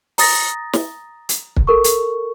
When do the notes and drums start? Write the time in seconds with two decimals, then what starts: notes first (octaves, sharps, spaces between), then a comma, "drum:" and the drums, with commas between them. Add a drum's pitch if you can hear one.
0.18 A#5 D#6 A6 A#6, drum: open hi-hat
0.73 drum: snare
1.29 drum: hi-hat
1.57 drum: kick
1.67 A4 A#4 C#6
1.84 drum: hi-hat